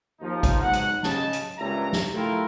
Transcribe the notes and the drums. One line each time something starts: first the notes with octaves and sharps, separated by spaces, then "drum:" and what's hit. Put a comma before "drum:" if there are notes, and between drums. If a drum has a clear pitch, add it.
D#2 F3 D#4
drum: kick G#1, hi-hat
G#2 B2 F#3 F#5
drum: hi-hat
C#3 D#5 A5, drum: snare
drum: hi-hat
C#2 G2 A#2 E5 A#5
drum: snare
A3 E4 F4 G4 A4 A#4